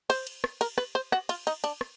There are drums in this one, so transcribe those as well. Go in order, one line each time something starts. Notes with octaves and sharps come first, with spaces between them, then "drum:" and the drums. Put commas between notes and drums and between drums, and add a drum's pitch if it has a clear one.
C5, drum: cymbal
drum: cymbal
drum: rim click
A#4, drum: cymbal
B4, drum: rim click
C5
F#4, drum: rim click
F4, drum: cymbal
D#4, drum: cymbal
D4, drum: cymbal
drum: rim click